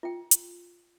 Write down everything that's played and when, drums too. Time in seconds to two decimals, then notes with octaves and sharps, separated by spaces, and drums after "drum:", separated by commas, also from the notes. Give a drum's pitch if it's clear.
0.03 F4 G5
0.31 drum: hi-hat